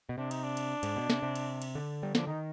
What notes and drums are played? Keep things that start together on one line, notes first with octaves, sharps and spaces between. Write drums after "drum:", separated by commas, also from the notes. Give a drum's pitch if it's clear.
B2
C3 D4
D#4, drum: cymbal
D4
drum: cymbal
G#2, drum: cymbal
B2
C3, drum: snare
C3
drum: cymbal
drum: cymbal
D3
G3
F3 D4, drum: snare
D#3 D#4